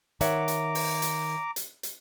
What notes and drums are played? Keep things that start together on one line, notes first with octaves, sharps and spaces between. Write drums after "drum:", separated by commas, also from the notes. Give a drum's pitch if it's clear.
D#3 C#5 E5 F#5 A#5 D6, drum: hi-hat
drum: hi-hat
drum: open hi-hat
drum: hi-hat
drum: hi-hat
drum: hi-hat